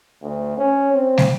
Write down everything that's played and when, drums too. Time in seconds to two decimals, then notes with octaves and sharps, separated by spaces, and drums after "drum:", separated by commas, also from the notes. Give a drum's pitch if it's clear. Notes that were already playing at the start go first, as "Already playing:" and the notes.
0.22 D2
0.57 C#4
0.93 C4
1.18 drum: snare